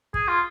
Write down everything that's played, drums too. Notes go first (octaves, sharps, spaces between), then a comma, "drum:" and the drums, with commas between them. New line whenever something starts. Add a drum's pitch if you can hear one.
G#4, drum: kick
F4